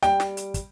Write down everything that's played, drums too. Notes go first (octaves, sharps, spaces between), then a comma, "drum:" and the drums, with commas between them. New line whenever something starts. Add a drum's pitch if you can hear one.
G3 G5, drum: snare
drum: snare
drum: hi-hat
drum: kick, hi-hat